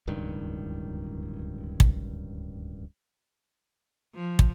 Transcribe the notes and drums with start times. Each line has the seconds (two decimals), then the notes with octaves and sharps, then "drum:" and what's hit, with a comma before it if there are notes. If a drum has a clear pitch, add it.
0.07 D1 C#2 G2 D#3
1.80 drum: kick
4.14 F3
4.39 drum: kick